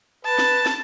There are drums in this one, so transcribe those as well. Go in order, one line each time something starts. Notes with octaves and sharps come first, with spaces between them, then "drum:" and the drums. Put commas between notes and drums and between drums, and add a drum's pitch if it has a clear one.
B4 A5
drum: snare
drum: snare